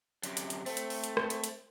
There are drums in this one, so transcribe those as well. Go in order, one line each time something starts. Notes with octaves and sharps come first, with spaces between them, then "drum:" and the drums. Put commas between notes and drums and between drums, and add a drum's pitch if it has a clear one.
F#2 C3, drum: hi-hat
drum: hi-hat
drum: hi-hat
A3 C4, drum: open hi-hat
drum: hi-hat
drum: open hi-hat
drum: hi-hat
drum: rim click
drum: hi-hat
drum: hi-hat